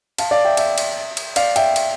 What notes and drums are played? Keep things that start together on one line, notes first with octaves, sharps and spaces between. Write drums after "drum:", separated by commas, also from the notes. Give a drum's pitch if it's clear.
F5 A5, drum: cymbal
D5 F5
E5 G5
E5 G5, drum: cymbal
drum: cymbal
drum: cymbal
D5 F5, drum: cymbal
E5 G5, drum: cymbal
drum: cymbal